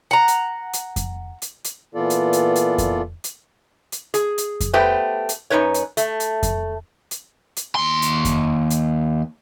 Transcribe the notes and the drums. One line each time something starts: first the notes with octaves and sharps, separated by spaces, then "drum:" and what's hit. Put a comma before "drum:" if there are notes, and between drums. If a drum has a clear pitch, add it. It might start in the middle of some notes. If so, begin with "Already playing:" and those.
F#5 A#5
drum: hi-hat
drum: hi-hat
drum: kick F2, hi-hat
drum: hi-hat
drum: hi-hat
A#2 E3 B3 F4 A4 D5
drum: hi-hat
drum: hi-hat
drum: hi-hat
drum: kick F2, hi-hat
drum: hi-hat
drum: hi-hat
G#4, drum: hi-hat
drum: hi-hat
drum: kick F2, hi-hat
A3 B3 G4 B4 C5
drum: hi-hat
F#2 A#3 D#4 B4 C#5
drum: hi-hat
A3, drum: hi-hat
drum: hi-hat
drum: kick F2, hi-hat
drum: hi-hat
drum: hi-hat
D#2 C6
drum: hi-hat
drum: kick F2, hi-hat
drum: hi-hat